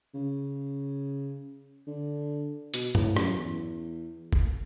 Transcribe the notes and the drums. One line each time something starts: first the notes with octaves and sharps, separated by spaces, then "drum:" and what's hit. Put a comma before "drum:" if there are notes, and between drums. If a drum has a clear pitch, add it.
C#3
D3
B2, drum: hi-hat
A2, drum: tom G2
F#2, drum: rim click
E2
drum: kick